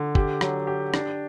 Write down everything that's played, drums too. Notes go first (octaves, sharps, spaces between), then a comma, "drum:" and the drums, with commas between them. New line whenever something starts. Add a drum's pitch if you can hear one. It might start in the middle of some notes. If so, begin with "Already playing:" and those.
Already playing: D3
G4, drum: kick
F#3, drum: rim click
G4
D4, drum: rim click